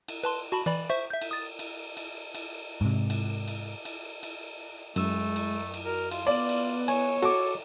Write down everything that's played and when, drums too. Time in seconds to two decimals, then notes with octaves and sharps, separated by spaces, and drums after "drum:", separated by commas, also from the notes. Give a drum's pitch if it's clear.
0.08 drum: cymbal
0.23 B4 A5 C6
0.52 F#4 A5 B5
0.66 E3 D5 B5
0.89 C5 E5 C#6
1.10 E5 G6
1.22 drum: cymbal
1.31 D#6 A6
1.59 drum: cymbal
1.97 drum: cymbal
2.35 drum: cymbal
2.81 G#2 C3
3.10 drum: cymbal
3.48 drum: cymbal
3.85 drum: cymbal
4.23 drum: cymbal
4.96 F#2 G#3 A3 E6, drum: cymbal
5.36 drum: cymbal
5.74 drum: cymbal
5.86 F#4 A#4
6.11 F4, drum: cymbal
6.27 B3 D5
6.49 drum: cymbal
6.88 C#5 G#5, drum: cymbal
7.22 F#4 A4 D6, drum: cymbal